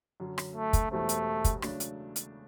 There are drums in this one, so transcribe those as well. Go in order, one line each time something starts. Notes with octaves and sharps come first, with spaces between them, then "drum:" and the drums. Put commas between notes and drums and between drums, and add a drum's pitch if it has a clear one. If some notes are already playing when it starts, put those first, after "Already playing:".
F#2 D3 F#3
drum: rim click
A3
drum: kick, hi-hat
E1 E2 B2 G3 A3 C4
drum: hi-hat
drum: kick, hi-hat
C#3 F#3 A3 D4, drum: rim click
drum: hi-hat
drum: hi-hat